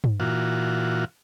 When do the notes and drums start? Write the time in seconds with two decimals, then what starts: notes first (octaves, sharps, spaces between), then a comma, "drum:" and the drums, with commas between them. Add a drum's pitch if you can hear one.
0.04 drum: tom G2
0.20 A#2 E3 F4 F#4